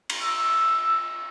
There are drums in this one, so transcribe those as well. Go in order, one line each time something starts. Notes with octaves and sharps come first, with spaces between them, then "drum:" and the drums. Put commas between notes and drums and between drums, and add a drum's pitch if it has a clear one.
drum: cymbal
E6